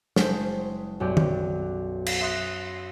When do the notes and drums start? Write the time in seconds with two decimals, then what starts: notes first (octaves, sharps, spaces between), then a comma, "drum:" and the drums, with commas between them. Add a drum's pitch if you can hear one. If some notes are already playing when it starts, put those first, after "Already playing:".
0.16 F#1 G#3 C5, drum: snare
1.00 B1 F#2 G4 D5
1.17 drum: tom
2.06 drum: cymbal
2.20 E5 C6 D#6 F#6